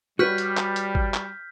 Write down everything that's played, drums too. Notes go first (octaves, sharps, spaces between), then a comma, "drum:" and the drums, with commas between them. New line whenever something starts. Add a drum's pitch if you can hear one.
G3 F#4 B4 C#5 F6 G6 B6
drum: hi-hat
drum: clap
drum: hi-hat
drum: kick
drum: clap